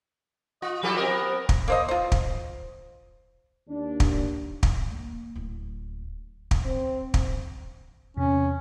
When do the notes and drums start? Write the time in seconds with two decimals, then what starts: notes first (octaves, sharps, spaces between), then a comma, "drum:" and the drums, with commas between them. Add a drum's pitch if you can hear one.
0.62 F4 D#5
0.83 F3 E4 G4 A4
0.97 C4 A#4 D#5
1.09 B3
1.49 drum: kick
1.68 A#3 C5 D#5
1.89 F4 C5
2.12 drum: kick
3.69 D#2 D4
4.00 drum: kick
4.63 drum: kick
4.91 A#3
5.36 D1
6.51 drum: kick
6.65 C4
7.14 drum: kick
8.17 E2 C3 C#4